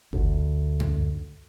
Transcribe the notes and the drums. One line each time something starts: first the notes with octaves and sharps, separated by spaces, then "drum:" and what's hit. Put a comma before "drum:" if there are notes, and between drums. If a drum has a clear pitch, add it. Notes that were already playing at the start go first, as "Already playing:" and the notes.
D2, drum: kick G1
drum: tom F#2